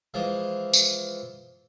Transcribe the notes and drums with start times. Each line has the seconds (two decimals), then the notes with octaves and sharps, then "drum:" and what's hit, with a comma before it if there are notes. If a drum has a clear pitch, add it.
0.14 E3 F3 G#3
0.73 drum: tambourine